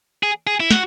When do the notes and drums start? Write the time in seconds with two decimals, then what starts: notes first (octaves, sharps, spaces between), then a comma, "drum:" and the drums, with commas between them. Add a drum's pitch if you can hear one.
0.23 G#4
0.47 G#4
0.60 E4
0.71 F#4, drum: snare